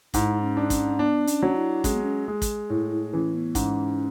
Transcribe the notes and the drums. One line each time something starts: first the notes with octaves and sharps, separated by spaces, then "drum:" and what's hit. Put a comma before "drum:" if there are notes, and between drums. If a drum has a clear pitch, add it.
G#2 E4, drum: kick, hi-hat
C#4
D4
C#4, drum: kick, hi-hat
B3 D4
C#4, drum: hi-hat
F#3
E4
G#3 C#4, drum: kick, hi-hat
B3
C#4
G#3
drum: kick, hi-hat
A2 E4
E4
E3 C#4
B3
G#2 C#4, drum: kick, hi-hat